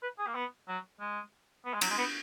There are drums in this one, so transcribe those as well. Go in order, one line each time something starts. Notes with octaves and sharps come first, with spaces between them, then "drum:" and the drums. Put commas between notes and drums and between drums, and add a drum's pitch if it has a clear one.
B4
G#4
A#3
B3
F#3
G#3
B3
G#3
F#3, drum: cymbal
G#3
B3